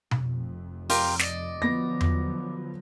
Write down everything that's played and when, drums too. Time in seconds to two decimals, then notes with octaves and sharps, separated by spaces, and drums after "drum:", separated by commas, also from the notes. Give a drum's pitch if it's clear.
0.11 F1 F2, drum: tom B2
0.90 F4 G4 A#4, drum: open hi-hat
1.19 D5 D#5, drum: snare
1.62 D3 F3 F#3 B3 A#6
2.01 drum: tom E2